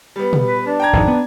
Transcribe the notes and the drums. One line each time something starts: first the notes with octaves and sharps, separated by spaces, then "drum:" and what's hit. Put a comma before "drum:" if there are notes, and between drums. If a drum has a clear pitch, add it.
G3 B3
drum: tom
B4
D4
G5 A#5 G#6
G#1 F2 G#2
B3